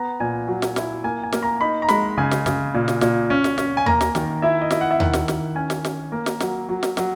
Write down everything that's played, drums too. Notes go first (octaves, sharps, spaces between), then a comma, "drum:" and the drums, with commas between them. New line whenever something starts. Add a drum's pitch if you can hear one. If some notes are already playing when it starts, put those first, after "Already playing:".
Already playing: B3 A#5
A#2 G#5
F#3
drum: snare
E4, drum: snare
A#3 G#5
G#5
A#3, drum: snare
A#5
D#4 B5
A#5
G#3 B5, drum: snare
C#3 G#5
drum: snare
C#3, drum: snare
A#2
drum: snare
A#2, drum: snare
C#4
drum: snare
C#4, drum: snare
G#5
A#3 A#5, drum: tom D#2
drum: snare
D#3, drum: snare
E4 E5
D#5
E4, drum: snare
F#5
E5
D#3 F#5, drum: tom D#2
drum: snare
D#3, drum: snare
C#4 G#5
drum: snare
C#4, drum: snare
A#3
drum: snare
F#3, drum: snare
F#3
drum: snare
F#3, drum: snare